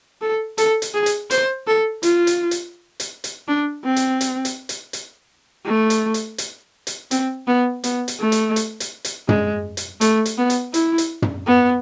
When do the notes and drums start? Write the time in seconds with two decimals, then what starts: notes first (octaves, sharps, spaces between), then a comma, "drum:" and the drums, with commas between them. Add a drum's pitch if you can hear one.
0.21 A4
0.58 A4, drum: hi-hat
0.82 drum: hi-hat
0.94 G#4
1.06 drum: hi-hat
1.31 C5, drum: hi-hat
1.67 A4
2.03 F4, drum: hi-hat
2.27 drum: hi-hat
2.51 drum: hi-hat
3.00 drum: hi-hat
3.24 drum: hi-hat
3.48 D4
3.84 C4
3.96 drum: hi-hat
4.21 drum: hi-hat
4.45 drum: hi-hat
4.69 drum: hi-hat
4.93 drum: hi-hat
5.65 A3
5.90 drum: hi-hat
6.14 drum: hi-hat
6.38 drum: hi-hat
6.87 drum: hi-hat
7.11 C4, drum: hi-hat
7.47 B3
7.84 B3, drum: hi-hat
8.08 drum: hi-hat
8.20 A3
8.32 drum: hi-hat
8.56 drum: hi-hat
8.80 drum: hi-hat
9.04 drum: hi-hat
9.29 G#3, drum: tom
9.77 drum: hi-hat
10.01 A3, drum: hi-hat
10.25 drum: hi-hat
10.38 B3
10.50 drum: hi-hat
10.74 E4, drum: hi-hat
10.98 drum: hi-hat
11.22 drum: tom
11.46 B3